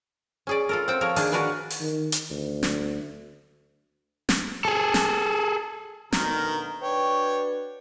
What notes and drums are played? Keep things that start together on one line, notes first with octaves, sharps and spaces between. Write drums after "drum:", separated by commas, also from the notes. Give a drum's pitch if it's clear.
C#4 G#4 D5
F4 A4 A#4
C4 C5 F#5 G5
F3 A#4 C#5
D#3 A#3 D4 G#4, drum: open hi-hat
D4 F#4 A#4 B4 G#5
drum: open hi-hat
D#3
drum: hi-hat
D2
drum: snare
drum: snare
G#4 A4
drum: snare
D2 B2 D#3 A#4, drum: snare
D4 F#4 B4 C#5 G5